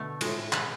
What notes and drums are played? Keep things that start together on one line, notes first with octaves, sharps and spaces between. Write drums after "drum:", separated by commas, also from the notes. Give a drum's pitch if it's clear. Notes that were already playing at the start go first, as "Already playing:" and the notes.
Already playing: B2 D3 A3
A2 G#3, drum: cymbal
B2 G#3 B4, drum: clap